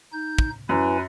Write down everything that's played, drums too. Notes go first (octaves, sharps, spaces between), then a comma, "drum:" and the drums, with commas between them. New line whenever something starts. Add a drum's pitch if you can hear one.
D#4 G6
drum: kick
F#2 E4 B4 G#5